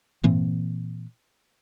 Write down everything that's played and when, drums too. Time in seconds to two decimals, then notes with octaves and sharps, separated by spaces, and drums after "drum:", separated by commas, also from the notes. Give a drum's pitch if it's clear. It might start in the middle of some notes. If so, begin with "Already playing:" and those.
0.24 A#2 E3 A#3 C4, drum: tom G2